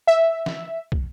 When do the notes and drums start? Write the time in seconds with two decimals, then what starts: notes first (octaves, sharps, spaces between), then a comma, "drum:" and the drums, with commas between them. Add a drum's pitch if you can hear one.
0.07 E5
0.46 drum: snare
0.92 drum: kick